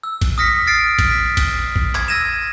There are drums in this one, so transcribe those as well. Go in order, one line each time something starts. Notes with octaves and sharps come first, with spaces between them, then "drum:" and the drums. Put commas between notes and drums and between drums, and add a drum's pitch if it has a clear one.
E6
drum: kick A1, cymbal
D#6 F6 A#6 B6 C#7
F6 A6 C7 D7
drum: kick A1, cymbal
B6
drum: kick A1, cymbal
drum: kick A1
G#6, drum: clap
E6 G#6 A#6 D#7 E7